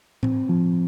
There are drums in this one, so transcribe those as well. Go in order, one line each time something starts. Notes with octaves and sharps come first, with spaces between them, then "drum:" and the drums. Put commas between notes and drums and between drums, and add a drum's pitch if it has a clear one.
C4, drum: tom A2
F3